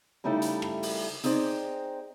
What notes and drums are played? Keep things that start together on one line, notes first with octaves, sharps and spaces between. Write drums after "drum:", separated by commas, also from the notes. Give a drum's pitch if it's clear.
C#3 G3 A3 D#4 E4 A4
drum: hi-hat
drum: rim click
drum: open hi-hat
C4 D#4 G#4 C5 D5, drum: hi-hat